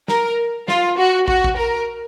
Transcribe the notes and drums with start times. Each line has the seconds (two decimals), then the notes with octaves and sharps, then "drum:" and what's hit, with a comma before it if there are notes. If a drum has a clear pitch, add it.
0.08 A#4, drum: snare
0.68 F4, drum: snare
0.98 F#4
1.28 F#4, drum: kick
1.44 drum: kick
1.57 A#4